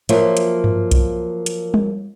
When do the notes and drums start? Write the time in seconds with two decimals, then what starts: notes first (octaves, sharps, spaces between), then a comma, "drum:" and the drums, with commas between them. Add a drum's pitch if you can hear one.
0.09 F3 F#3 A#3 F4 A#4 E5, drum: hi-hat
0.37 drum: hi-hat
0.64 drum: tom G2
0.91 drum: kick B1, hi-hat
1.46 drum: hi-hat
1.74 drum: tom G3